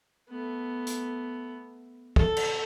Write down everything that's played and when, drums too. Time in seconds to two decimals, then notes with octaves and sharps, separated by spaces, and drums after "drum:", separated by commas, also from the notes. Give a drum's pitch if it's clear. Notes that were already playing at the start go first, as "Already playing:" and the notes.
0.29 A3 B3
0.87 drum: hi-hat
2.16 A4, drum: kick
2.37 drum: cymbal